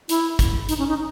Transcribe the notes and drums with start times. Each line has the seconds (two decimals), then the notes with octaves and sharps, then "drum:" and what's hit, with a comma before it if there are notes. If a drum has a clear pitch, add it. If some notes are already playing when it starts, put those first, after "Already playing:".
0.09 E4, drum: hi-hat
0.39 drum: kick, hi-hat
0.69 D#4, drum: hi-hat
0.79 C#4
0.88 D#4